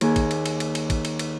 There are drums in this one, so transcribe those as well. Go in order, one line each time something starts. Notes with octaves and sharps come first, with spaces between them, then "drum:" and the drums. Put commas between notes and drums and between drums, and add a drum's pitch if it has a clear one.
D#2 G#4, drum: cymbal
drum: kick, cymbal
drum: cymbal
drum: cymbal
drum: cymbal
drum: cymbal
drum: kick, cymbal
drum: cymbal
drum: cymbal